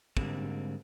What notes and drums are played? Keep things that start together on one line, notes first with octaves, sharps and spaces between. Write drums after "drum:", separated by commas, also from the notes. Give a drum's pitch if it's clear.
G#2 D3 G3 G#3 A#3 C4, drum: kick